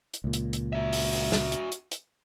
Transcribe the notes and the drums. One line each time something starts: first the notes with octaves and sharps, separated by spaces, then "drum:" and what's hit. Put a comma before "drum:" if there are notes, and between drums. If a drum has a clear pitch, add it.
drum: hi-hat
C#2 A#2
drum: hi-hat
drum: hi-hat
F#4 E5
drum: open hi-hat
drum: open hi-hat
drum: snare
drum: hi-hat
drum: hi-hat
drum: hi-hat